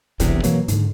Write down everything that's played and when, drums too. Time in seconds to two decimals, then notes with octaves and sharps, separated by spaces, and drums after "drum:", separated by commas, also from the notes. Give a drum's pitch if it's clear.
0.20 E1 B1 E2 C3, drum: kick, hi-hat
0.44 B2 E3 F#3 A#3, drum: hi-hat
0.68 G#2 D3, drum: hi-hat